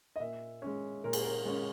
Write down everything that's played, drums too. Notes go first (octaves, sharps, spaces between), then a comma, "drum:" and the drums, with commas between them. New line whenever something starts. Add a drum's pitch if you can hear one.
D#5
A#2 E5
G#3 C#4
A#2 A#4
G#4, drum: cymbal
A#4
G#3 C#4